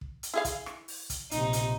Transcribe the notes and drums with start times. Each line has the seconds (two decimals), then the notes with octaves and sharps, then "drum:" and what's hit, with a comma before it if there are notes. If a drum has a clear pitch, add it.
0.01 drum: kick
0.23 drum: hi-hat
0.34 E4 G#4 F5
0.45 drum: kick, hi-hat
0.66 drum: rim click
0.88 drum: open hi-hat
1.10 drum: kick, hi-hat
1.31 A#1 C3 D#4, drum: hi-hat
1.53 drum: hi-hat